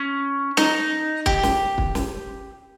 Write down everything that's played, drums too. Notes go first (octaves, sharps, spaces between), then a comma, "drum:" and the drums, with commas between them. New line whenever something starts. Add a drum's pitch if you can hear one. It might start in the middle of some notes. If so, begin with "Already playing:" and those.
Already playing: C#4
D#4, drum: snare
G4, drum: kick
drum: snare
drum: kick
drum: snare